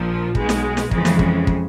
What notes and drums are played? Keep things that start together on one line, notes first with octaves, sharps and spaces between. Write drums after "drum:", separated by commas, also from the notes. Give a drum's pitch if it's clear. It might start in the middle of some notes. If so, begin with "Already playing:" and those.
Already playing: A#1 A#2 F3
B1 B2 G#3, drum: kick
drum: snare
drum: snare
F2 C#3 E3 G#3, drum: kick
drum: snare
drum: kick
drum: kick